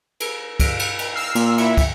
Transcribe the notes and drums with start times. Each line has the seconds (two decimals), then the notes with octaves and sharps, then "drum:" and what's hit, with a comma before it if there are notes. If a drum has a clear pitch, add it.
0.20 drum: cymbal
0.60 drum: kick, cymbal
0.79 drum: cymbal
0.99 drum: cymbal
1.14 E6 F6 C7
1.35 A#2, drum: cymbal
1.58 E4 E5, drum: cymbal
1.77 drum: kick, cymbal